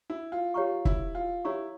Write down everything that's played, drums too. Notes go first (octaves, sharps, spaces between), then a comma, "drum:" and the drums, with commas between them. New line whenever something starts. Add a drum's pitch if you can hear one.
E4
F4
F4 G4 C#5 F5 A#5 C#6
E4, drum: kick
F4
E4 G4 C#5 F5 A#5 C#6